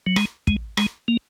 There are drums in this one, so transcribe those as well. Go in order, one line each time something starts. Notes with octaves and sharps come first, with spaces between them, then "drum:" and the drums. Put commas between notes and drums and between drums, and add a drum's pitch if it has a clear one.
F#3
G#3, drum: rim click
G#3, drum: kick
G#3, drum: rim click
A#3